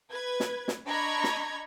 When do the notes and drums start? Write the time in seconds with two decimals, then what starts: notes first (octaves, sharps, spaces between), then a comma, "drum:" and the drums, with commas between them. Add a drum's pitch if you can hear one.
0.12 B4 G#6
0.40 drum: snare
0.68 drum: snare
0.85 D4 D#5 A#5 B5 C#6 G#6
1.24 drum: snare